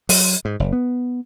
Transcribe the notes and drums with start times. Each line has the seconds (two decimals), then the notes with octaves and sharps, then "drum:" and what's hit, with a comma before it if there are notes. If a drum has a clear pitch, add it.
0.09 F#3, drum: open hi-hat
0.45 G#2
0.60 F#1
0.73 B3